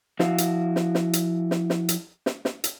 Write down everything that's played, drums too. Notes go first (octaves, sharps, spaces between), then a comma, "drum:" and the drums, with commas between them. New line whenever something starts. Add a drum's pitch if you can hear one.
F3 E4 F#4 F5, drum: snare
drum: hi-hat
drum: snare
drum: snare
drum: hi-hat
drum: snare
drum: snare
drum: hi-hat
drum: snare
drum: snare
drum: hi-hat